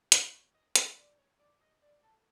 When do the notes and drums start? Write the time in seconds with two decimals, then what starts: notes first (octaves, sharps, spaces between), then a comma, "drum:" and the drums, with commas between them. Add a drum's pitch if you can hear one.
0.12 D#5, drum: hi-hat
0.33 C#5
0.55 D#5
0.76 D#5, drum: hi-hat
0.97 D5
1.18 C#5
1.40 D5
1.61 D#5
1.82 D5
2.03 A4